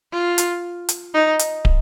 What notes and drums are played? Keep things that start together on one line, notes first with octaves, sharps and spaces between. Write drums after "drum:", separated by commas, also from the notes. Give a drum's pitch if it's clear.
F4
drum: hi-hat
drum: hi-hat
D#4
drum: hi-hat
drum: kick